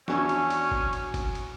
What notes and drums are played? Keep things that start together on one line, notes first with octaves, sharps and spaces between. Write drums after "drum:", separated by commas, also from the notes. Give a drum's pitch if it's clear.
E2 C#4 D4 F#4 G#5 E6, drum: snare
drum: cymbal
drum: cymbal
drum: kick G1
drum: cymbal
drum: kick G1, cymbal
drum: cymbal